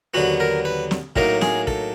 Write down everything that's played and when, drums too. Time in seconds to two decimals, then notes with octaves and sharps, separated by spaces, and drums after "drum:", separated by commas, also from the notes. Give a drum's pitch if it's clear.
0.14 D#2 D3 F#3 B3 F#4
0.40 A#4
0.65 B4
0.91 drum: snare
1.16 A2 F#3 A#3 D#4 A#4, drum: kick
1.41 G#4, drum: snare
1.67 A4, drum: kick